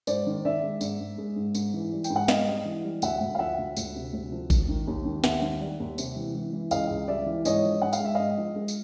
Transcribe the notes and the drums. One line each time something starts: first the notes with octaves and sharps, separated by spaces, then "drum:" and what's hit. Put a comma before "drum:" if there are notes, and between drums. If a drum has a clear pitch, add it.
G#2 C5 D5, drum: tambourine
D#3
D#3 D5 E5
G#3
G#2, drum: tambourine
G#2
G#3
G#2
G#2, drum: tambourine
E3
G3
G5, drum: tambourine
G#2
F#5
G#2 D#5 F5, drum: snare
G3
E3
G3
D2 E5 F#5, drum: tambourine
D2
F5
F3 E5 F#5
D2
D2, drum: tambourine
C3
D2
F3
D#3, drum: kick, tambourine
D#3
D#2
D#3
D#2 E5 F#5, drum: snare
D#3
G3
D#2
C3, drum: tambourine
E3
E3
E3
C#2 D#5 F5, drum: tambourine
C#2
G3 D5 E5
E3
G#2 C#5 D#5, drum: tambourine
F3
G#2 F#5
F5, drum: tambourine
G#3 E5
G#2 D#5 F5
F3
G#3
drum: tambourine